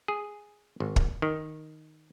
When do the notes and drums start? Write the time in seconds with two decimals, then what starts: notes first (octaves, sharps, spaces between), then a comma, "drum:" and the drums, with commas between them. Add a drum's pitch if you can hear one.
0.08 G#4
0.80 G#1
0.96 drum: kick
1.22 D#3